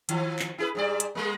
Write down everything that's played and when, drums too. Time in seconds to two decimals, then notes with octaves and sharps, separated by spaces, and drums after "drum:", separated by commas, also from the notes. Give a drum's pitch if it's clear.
0.09 D#3 F3, drum: hi-hat
0.39 drum: clap
0.58 E4 G#4 B4
0.75 G#2 G3 D5
1.00 drum: hi-hat
1.15 G3 G#3 A#3